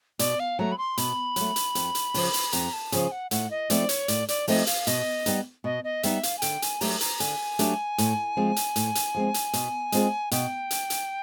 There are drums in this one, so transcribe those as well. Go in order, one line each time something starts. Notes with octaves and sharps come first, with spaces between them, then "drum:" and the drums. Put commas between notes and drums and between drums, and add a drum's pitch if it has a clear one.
B2 D5, drum: hi-hat
F5
F#3 A3 A#5
B5
C6
B2 B5, drum: hi-hat
F#3 A3, drum: hi-hat
drum: hi-hat
F2, drum: hi-hat
drum: hi-hat
C#3 F3, drum: open hi-hat
drum: hi-hat
F2 A#5, drum: hi-hat
A5
C#3 F3 G#5, drum: hi-hat
F#5
A2 F#5, drum: hi-hat
D#5
F3 A3 C4 D#4 D5, drum: hi-hat
C#5, drum: hi-hat
A2 D5, drum: hi-hat
D5, drum: hi-hat
F3 A3 C4 D#4 D#5, drum: open hi-hat
F5, drum: hi-hat
B2 D#5, drum: hi-hat
G3 B3 D#4, drum: hi-hat
B2 D#5
D#5
G3 B3 D#4 E5, drum: hi-hat
F5, drum: hi-hat
G#5
D3 G5, drum: hi-hat
G#5, drum: hi-hat
F#3 A3 D4 G4 A#5, drum: open hi-hat
A#5, drum: hi-hat
D3 G#5, drum: hi-hat
F#3 A3 D4 G4, drum: hi-hat
A2, drum: hi-hat
F3 G#3 C4
drum: hi-hat
A2, drum: hi-hat
drum: hi-hat
F3 G#3 C4
drum: hi-hat
B2, drum: hi-hat
G#3 C4 F4 G#4, drum: hi-hat
B2 G5, drum: hi-hat
drum: hi-hat
drum: hi-hat